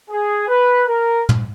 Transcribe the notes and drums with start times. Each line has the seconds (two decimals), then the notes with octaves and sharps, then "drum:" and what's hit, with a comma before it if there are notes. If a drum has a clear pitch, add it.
0.10 G#4
0.48 B4
0.87 A#4
1.29 drum: tom